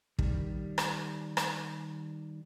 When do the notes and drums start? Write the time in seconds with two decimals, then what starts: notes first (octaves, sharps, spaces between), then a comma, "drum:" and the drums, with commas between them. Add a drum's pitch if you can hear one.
0.19 D#3 G3, drum: kick
0.78 drum: rim click
1.37 drum: rim click